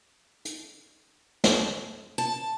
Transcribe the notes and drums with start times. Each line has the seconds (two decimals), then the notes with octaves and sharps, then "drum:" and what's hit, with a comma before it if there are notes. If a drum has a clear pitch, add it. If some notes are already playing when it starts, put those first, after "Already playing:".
0.45 drum: hi-hat
1.44 drum: snare
2.18 A5